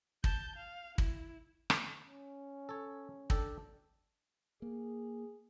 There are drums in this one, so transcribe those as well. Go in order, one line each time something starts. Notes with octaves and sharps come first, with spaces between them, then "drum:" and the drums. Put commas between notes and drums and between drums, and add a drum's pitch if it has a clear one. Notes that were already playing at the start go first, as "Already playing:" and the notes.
A5 G6, drum: kick
F5
E4, drum: kick
drum: rim click
C#4
A4 C#5
D4 A4 G5, drum: kick
A#3 G#4